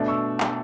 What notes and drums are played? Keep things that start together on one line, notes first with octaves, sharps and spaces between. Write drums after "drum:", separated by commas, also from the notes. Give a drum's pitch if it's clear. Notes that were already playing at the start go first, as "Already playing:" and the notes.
Already playing: B2 A3 D4
C#6 E6
drum: clap